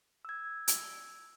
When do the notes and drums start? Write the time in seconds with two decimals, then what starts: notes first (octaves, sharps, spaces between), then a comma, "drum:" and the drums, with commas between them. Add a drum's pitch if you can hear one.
0.25 E6 G#6
0.68 drum: hi-hat